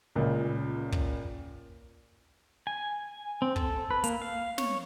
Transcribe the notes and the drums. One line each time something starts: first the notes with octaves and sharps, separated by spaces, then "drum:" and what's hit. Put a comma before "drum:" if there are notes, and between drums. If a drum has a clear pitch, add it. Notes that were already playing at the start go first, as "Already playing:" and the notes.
C#2 A#2 C#3
drum: kick
G#5
C4
A4, drum: kick
B4
A#3, drum: hi-hat
F5
C#5, drum: snare